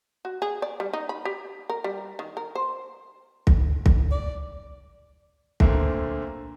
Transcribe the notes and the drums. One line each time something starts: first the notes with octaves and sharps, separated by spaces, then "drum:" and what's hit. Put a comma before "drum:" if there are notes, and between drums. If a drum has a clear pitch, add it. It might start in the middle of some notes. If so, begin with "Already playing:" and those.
F#4
G#4
D5
G3
D#4
B5
G4
A#4
G3
D#3
A#4
C5
drum: kick
drum: kick
D5
A#2 D3 A3 A#3 C4, drum: kick